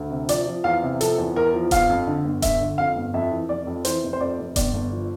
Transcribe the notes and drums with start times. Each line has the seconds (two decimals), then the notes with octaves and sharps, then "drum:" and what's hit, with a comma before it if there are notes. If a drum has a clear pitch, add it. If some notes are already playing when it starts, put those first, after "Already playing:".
Already playing: D2
0.11 C3
0.29 F3 D5, drum: hi-hat
0.47 F3
0.64 E2 F5
0.83 C3
1.01 F3 A4, drum: hi-hat
1.18 E2
1.36 E2 A#4
1.54 F3
1.71 G1 F5, drum: kick D#1, hi-hat
1.90 F2
2.07 D3
2.25 G1
2.42 G1 E5, drum: kick D#1, hi-hat
2.61 D3
2.78 F2 F5
2.96 G1
3.14 F2 E5
3.31 E3
3.49 F1 D5
3.67 F2
3.85 E3 C5, drum: hi-hat
4.04 F1
4.13 C5
4.20 F2 D5
4.39 F1
4.56 G1 D5, drum: kick D#1, hi-hat
4.74 G1
4.92 F3